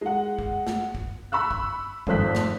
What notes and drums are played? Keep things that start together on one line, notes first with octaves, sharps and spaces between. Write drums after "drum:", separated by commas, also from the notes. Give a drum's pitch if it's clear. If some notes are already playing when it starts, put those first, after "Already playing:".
G#3 F#5
drum: kick
drum: snare
drum: kick
B5 C#6 E6 F#6
drum: kick
G#1 F2 A4 C5 F#6 B6, drum: kick
drum: snare